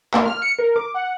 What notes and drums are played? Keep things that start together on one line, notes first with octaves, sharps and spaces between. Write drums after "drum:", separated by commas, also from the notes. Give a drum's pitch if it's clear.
A#3, drum: clap
F6
C#7
A#4
D6
F#5